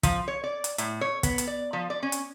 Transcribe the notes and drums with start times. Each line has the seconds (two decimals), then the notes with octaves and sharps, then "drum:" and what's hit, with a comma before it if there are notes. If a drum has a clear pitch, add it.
0.03 F3, drum: kick, hi-hat
0.28 C#5
0.44 D5
0.64 drum: hi-hat
0.78 A2, drum: hi-hat
1.01 C#5
1.23 B3, drum: kick, hi-hat
1.38 drum: hi-hat
1.47 D5
1.73 F3
1.90 D5
2.03 C#4
2.12 drum: hi-hat